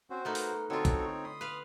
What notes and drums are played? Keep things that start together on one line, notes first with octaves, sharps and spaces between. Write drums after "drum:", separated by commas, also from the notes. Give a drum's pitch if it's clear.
C4 C#4 F#4 C5
A3 B3 D#4 A#4
drum: open hi-hat
D3 C4 D#4 F4 F#4 A4 C#5 C#6
drum: kick A#1, hi-hat
B5 C6 D#6
B4 F5